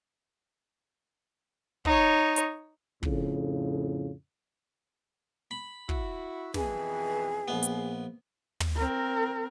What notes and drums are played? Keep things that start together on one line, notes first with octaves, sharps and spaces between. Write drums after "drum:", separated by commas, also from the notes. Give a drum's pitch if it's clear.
D#4 C#5, drum: kick
drum: hi-hat
F2 A2 C#3, drum: kick
B5
E4 F#4, drum: kick
F2 B2 E3 G#4, drum: snare
A#1 B3
drum: hi-hat
drum: tom
C4 A#4